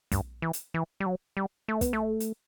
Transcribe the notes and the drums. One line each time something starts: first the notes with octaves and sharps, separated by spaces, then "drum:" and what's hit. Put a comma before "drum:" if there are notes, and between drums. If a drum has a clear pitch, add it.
G2, drum: kick, hi-hat
E3
drum: hi-hat
E3
G3
F#3
G3
A3
B3, drum: kick, hi-hat
A3
drum: hi-hat